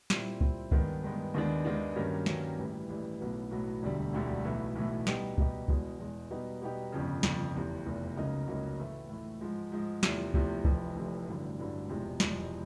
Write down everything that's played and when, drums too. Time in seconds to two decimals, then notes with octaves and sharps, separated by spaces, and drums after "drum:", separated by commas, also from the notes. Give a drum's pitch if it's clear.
0.10 A#2 G3 C4 E4, drum: snare
0.41 A#2 G3 C4 E4, drum: kick C2
0.72 G2 D#3 G#3 B3, drum: kick C2
1.03 G2 D#3 G#3 B3
1.34 D#2 D#3 G#3 B3 D4
1.65 D#2 D#3 G#3 B3 D4
1.96 G2 D#3 F#3 A#3 C#4
2.26 G2 D#3 F#3 A#3 C#4, drum: snare
2.58 A1 A2 E3 G3
2.89 A1 A2 E3 G3
3.20 B1 A2 F#3 B3
3.51 B1 A2 F#3 B3
3.82 E1 D2 D3 G3
4.13 E1 D2 D3 G3
4.44 B1 A2 E3 A3
4.75 B1 A2 E3 A3
5.07 B2 G3 B3 D#4 G4, drum: snare
5.38 B2 G3 B3 D#4 G4, drum: kick C2
5.68 E2 B2 G#3, drum: kick C2
6.00 E2 B2 G#3
6.30 B2 G3 B3 D#4 G4
6.61 B2 G3 B3 D#4 G4
6.92 G1 F2 C#3
7.23 G1 F2 C#3, drum: snare
7.55 F1 E2 C3
7.86 F1 E2 C3
8.16 C#2 C#3 F#3 A#3 D#4
8.47 C#2 C#3 F#3 A#3 D#4
8.79 A2 E3 A3
9.10 A2 E3 A3
9.41 G#2 F3 G#3
9.72 G#2 F3 G#3
10.03 E2 C3 F3 A3, drum: snare
10.34 E2 C3 F3 A3, drum: kick C2
10.65 F1 F2 C3 E3, drum: kick C2
10.96 F1 F2 C3 E3
11.27 A1 G2 D3 F#3
11.58 A1 G2 D3 F#3
11.89 E1 E2 C3 F3 G#3
12.20 E1 E2 C3 F3 G#3, drum: snare